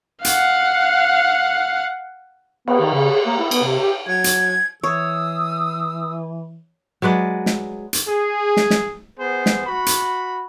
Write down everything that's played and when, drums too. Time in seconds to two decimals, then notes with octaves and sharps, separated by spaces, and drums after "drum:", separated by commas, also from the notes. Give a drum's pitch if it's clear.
0.25 F5 F#5, drum: hi-hat
2.68 B3, drum: cymbal
2.81 D#3
2.93 C#3
3.11 G#4
3.26 A#3
3.39 E4
3.51 B3, drum: cymbal
3.64 C3
3.80 G4
4.08 F#3 G#6
4.24 drum: hi-hat
4.84 E3 C#5 D#6 E6
7.02 F#3 G#3 B4 D5
7.46 drum: snare
7.93 drum: hi-hat
8.08 G#4
8.57 drum: snare
8.70 drum: snare
9.19 B3 G#4 C5
9.46 drum: snare
9.66 F#4 B5
9.86 drum: hi-hat